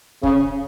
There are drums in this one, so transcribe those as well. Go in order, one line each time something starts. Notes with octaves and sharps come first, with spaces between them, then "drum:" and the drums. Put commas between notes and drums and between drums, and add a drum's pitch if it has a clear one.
C#3, drum: kick